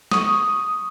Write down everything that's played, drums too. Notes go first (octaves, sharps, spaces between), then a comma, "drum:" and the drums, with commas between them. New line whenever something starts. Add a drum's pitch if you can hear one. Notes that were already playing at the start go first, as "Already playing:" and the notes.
C#6 D#6, drum: snare